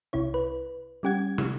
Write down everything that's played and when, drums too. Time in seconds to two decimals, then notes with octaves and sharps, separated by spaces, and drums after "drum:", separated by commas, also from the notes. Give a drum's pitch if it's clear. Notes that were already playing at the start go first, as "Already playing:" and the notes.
0.13 C2 C3 E4 C#5
0.34 B4
1.03 G3 C#4 G4 F#5 G#6
1.38 drum: tom